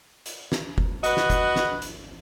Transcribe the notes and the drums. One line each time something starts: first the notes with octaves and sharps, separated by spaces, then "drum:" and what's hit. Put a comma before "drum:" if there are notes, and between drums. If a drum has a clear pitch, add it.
drum: hi-hat
drum: snare
drum: kick F#1
F#4 B4 D#5, drum: hi-hat
drum: snare
drum: kick F#1, hi-hat
drum: snare
drum: hi-hat